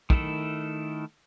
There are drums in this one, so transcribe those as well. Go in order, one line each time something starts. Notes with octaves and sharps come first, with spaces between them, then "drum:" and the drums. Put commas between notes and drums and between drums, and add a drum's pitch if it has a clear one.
D#3 A3 E4 A4, drum: kick